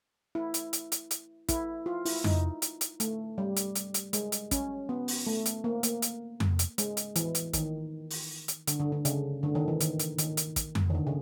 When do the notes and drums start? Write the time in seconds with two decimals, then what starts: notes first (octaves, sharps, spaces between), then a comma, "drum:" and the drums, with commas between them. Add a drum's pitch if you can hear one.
0.35 E4
0.54 drum: hi-hat
0.73 drum: hi-hat
0.92 drum: hi-hat
1.11 drum: hi-hat
1.49 E4, drum: kick, hi-hat
1.86 F4
2.05 E4, drum: open hi-hat
2.24 D#4, drum: tom F2
2.62 drum: hi-hat
2.81 drum: hi-hat
3.00 A3, drum: hi-hat
3.38 G3
3.57 drum: hi-hat
3.75 drum: hi-hat
3.94 drum: hi-hat
4.13 G#3, drum: hi-hat
4.32 drum: hi-hat
4.51 C#4, drum: kick, hi-hat
4.89 B3
5.08 drum: open hi-hat
5.27 A3
5.46 drum: hi-hat
5.64 A#3
5.83 A#3, drum: hi-hat
6.02 drum: hi-hat
6.40 drum: tom F2
6.59 drum: hi-hat
6.78 G#3, drum: hi-hat
6.97 drum: hi-hat
7.16 E3, drum: hi-hat
7.35 drum: hi-hat
7.53 D#3, drum: kick, hi-hat
8.10 drum: open hi-hat
8.48 drum: hi-hat
8.67 D3, drum: hi-hat
8.80 D3
8.92 D3
9.05 C#3, drum: hi-hat
9.43 D3
9.55 D#3
9.68 E3
9.81 D#3, drum: hi-hat
9.99 drum: hi-hat
10.18 D#3, drum: hi-hat
10.37 drum: hi-hat
10.56 drum: kick, hi-hat
10.75 drum: tom F2
10.90 D#3
10.94 D3
11.07 C#3